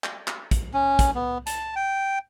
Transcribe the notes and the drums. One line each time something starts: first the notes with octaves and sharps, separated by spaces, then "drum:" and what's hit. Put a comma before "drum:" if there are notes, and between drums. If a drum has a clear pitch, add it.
drum: clap
drum: clap
drum: kick, hi-hat
C#4
drum: kick, hi-hat
B3
A5, drum: hi-hat
G5